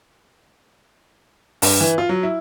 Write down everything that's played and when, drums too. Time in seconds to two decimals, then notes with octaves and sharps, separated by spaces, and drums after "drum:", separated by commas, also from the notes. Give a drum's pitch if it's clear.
1.62 G2, drum: open hi-hat
1.80 E3
1.98 F4
2.09 F#3
2.23 E4